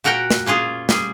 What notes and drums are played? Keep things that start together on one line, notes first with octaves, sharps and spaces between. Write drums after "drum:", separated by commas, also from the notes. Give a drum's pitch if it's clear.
A#2 F#4 A#4 F#5 G5
drum: snare
A#3 C#4 F4 G#4
G3 G#4, drum: snare